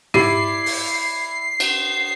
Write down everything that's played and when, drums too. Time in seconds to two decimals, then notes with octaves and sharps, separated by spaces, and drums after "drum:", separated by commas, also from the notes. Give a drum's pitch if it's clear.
0.14 E4 G4 D5 C7, drum: tom G#2
0.66 drum: open hi-hat
1.60 drum: cymbal